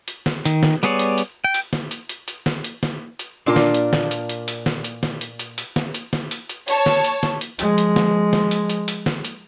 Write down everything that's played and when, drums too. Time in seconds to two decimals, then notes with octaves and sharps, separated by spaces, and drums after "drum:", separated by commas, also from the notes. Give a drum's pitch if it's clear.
0.08 drum: hi-hat
0.26 drum: snare
0.45 D#3, drum: hi-hat
0.63 drum: snare
0.83 G3 B3 G#4 C#5 D5, drum: hi-hat
0.99 drum: hi-hat
1.18 drum: hi-hat
1.44 G5
1.54 drum: hi-hat
1.73 drum: snare
1.91 drum: hi-hat
2.09 drum: hi-hat
2.28 drum: hi-hat
2.46 drum: snare
2.64 drum: hi-hat
2.83 drum: snare
3.19 drum: hi-hat
3.46 A#2 D4 F4 A#4
3.56 drum: snare
3.74 drum: hi-hat
3.93 drum: snare
4.11 drum: hi-hat
4.29 drum: hi-hat
4.48 drum: hi-hat
4.66 drum: snare
4.84 drum: hi-hat
5.03 drum: snare
5.21 drum: hi-hat
5.39 drum: hi-hat
5.58 drum: hi-hat
5.76 drum: snare
5.94 drum: hi-hat
6.13 drum: snare
6.31 drum: hi-hat
6.50 drum: hi-hat
6.68 C#5 A5, drum: hi-hat
6.86 drum: snare
7.05 drum: hi-hat
7.23 drum: snare
7.41 drum: hi-hat
7.59 F3 G#3, drum: hi-hat
7.78 drum: hi-hat
7.96 drum: snare
8.33 drum: snare
8.51 drum: hi-hat
8.70 drum: hi-hat
8.88 drum: hi-hat
9.06 drum: snare
9.25 drum: hi-hat